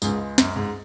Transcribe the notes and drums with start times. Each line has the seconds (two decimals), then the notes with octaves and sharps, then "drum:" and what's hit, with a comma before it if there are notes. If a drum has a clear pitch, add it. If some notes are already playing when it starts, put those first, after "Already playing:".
0.02 C#2 G#2 C#3 G#3, drum: tambourine
0.38 F#2, drum: snare
0.56 G#2